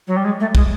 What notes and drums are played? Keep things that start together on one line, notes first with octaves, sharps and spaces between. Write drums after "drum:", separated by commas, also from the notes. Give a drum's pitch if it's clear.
F#3
G3
G#3
A3
G#3, drum: kick